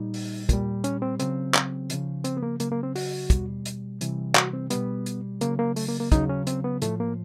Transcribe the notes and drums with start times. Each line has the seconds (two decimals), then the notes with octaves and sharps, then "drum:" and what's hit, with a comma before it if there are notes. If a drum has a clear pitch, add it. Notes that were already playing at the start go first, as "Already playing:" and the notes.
Already playing: A#2 G3 D#4
0.14 drum: open hi-hat
0.49 A#2 G3, drum: kick, hi-hat
0.84 C#4, drum: hi-hat
1.02 C4
1.19 C#3 F#3 C4, drum: hi-hat
1.54 drum: clap
1.90 C#3 F3, drum: hi-hat
2.24 C4, drum: hi-hat
2.37 B3
2.43 A#3
2.60 C#3 F#3 A#3, drum: hi-hat
2.72 A#3
2.83 C4
2.96 F#4, drum: open hi-hat
3.30 B2 G3, drum: kick, hi-hat
3.65 drum: hi-hat
4.01 C3 E3 G3, drum: hi-hat
4.35 F#4, drum: clap
4.53 C4
4.70 B2 G3 B3, drum: hi-hat
5.06 drum: hi-hat
5.41 C#3 F#3 A#3, drum: hi-hat
5.59 A#3
5.76 A3, drum: open hi-hat
5.89 A#3
6.00 A#3
6.12 C#3 F#3 D#4, drum: kick, hi-hat
6.29 C#4
6.47 C4, drum: hi-hat
6.64 B3
6.82 A2 F3 A3, drum: hi-hat
7.00 A#3